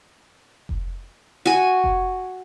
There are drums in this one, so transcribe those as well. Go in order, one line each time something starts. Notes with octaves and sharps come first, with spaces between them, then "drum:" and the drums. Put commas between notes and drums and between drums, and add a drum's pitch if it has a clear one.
drum: kick F1
F#4 G#5
drum: kick F1